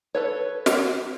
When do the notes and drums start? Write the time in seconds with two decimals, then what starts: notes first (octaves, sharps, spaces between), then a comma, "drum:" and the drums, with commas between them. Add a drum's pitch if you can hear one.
0.15 A4 B4 C#5
0.66 drum: snare